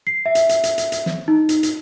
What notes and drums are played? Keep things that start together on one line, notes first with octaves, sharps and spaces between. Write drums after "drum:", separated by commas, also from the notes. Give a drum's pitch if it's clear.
C7
E5
drum: hi-hat
drum: hi-hat
drum: hi-hat
drum: hi-hat
drum: hi-hat
drum: snare
D#4
drum: hi-hat
drum: hi-hat